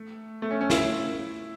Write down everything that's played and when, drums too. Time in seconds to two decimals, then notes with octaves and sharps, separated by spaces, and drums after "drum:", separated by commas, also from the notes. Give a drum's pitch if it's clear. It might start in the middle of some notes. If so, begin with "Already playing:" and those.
Already playing: A3
0.42 A3
0.51 C#4
0.61 C#4
0.70 E4, drum: snare